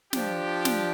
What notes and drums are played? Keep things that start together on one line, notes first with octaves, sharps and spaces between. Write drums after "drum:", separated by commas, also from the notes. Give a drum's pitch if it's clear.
F3 D4 G4, drum: snare
drum: snare